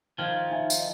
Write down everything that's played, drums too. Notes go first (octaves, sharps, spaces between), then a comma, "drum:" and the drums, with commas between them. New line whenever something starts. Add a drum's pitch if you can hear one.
D#3 F3 G5 F6 G#6
D#4 E5 G#5
drum: tambourine
D#5